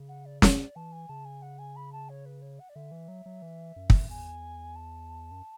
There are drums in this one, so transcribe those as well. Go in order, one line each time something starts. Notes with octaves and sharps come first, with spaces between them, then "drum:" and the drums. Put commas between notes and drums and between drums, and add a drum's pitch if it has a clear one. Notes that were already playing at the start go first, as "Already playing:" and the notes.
Already playing: C#3
F#5
D5
D5, drum: snare
D5
E3 A5
G#5
C#3 A5
G#5
F#5
G#5
B5
A5
C#5
B4
C#5
F#5
D5
D3 E5
E3
F#3
F#3
E3
F#2
drum: kick
E2 G#5
A5
F#2